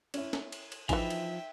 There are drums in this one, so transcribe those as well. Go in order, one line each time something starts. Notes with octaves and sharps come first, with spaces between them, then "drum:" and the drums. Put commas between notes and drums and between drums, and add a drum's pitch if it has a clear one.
C#4 E4, drum: cymbal
drum: snare
drum: cymbal
drum: cymbal
E3 F3 D#4 G#4 E5 G5 B5, drum: kick G#1, cymbal
drum: cymbal